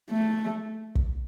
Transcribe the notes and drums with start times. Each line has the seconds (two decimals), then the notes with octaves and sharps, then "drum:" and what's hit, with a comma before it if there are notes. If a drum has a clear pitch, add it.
0.10 A3
0.95 drum: kick